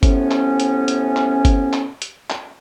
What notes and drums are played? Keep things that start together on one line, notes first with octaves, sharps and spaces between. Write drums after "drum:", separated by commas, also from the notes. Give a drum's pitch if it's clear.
A2 C3 B3 C#4, drum: kick G1, hi-hat
drum: clap
drum: hi-hat
drum: hi-hat
drum: clap
drum: kick G1, hi-hat
drum: clap
drum: hi-hat
drum: clap